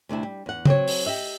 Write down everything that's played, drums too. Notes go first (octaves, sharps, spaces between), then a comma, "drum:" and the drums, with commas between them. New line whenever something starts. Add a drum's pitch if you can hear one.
D2 C3 D4 E4
G3
E2 F#5
F#3 C4 F#4 C#5, drum: tom C#3
drum: open hi-hat
G4 D#5 E5